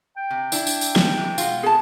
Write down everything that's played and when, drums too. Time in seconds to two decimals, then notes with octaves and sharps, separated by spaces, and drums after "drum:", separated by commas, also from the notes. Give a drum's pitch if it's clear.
0.17 G5
0.30 C3
0.52 D4 E4, drum: tambourine
0.67 drum: tambourine
0.81 drum: tambourine
0.96 drum: snare
1.17 C3 E3 G#3
1.38 B2 G#3 F4, drum: tambourine
1.63 G#4 A5